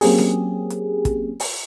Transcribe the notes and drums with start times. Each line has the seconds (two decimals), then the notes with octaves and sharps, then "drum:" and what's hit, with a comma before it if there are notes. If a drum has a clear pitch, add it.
0.01 F#3 A#3 C4 C#4 G4 G#4, drum: open hi-hat
0.18 drum: snare D4
0.70 drum: hi-hat
1.05 drum: kick, hi-hat
1.40 drum: open hi-hat